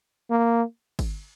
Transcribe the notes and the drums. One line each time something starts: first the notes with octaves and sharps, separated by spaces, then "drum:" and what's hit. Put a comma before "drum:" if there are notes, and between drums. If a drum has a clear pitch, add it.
A#3
drum: kick, cymbal